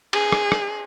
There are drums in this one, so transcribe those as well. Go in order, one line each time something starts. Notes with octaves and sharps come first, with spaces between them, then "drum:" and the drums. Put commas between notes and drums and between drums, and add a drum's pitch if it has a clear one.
G#4, drum: cymbal
drum: rim click
drum: rim click